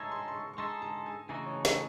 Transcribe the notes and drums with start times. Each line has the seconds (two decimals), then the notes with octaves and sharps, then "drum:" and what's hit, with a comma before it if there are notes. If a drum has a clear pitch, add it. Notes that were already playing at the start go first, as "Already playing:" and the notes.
Already playing: G#3 D#4 A4 C#5 E5 G#5 C6
0.12 C6
0.28 C6
0.34 C#6
0.54 C#6
0.58 G#3 D#4 A4 C6
0.82 A5
1.06 G#5
1.29 C#3 E3 A3 D#4 F#4 G#5
1.46 C#5
1.65 D#5, drum: snare